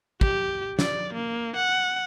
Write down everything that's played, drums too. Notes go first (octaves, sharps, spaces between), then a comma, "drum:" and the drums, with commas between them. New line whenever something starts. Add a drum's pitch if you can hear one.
G4, drum: kick
D5, drum: snare
A#3
F#5